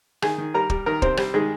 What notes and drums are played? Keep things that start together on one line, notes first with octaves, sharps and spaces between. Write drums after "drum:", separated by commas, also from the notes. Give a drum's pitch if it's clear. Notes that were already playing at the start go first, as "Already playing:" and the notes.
D#3 G#4 G#5, drum: rim click
D#3
G3 A#4 A#5
G3, drum: kick
D#3 A#4 A#5
C3 C4 C5, drum: kick
G3 C4 C5, drum: rim click
D#3 G#3 G#4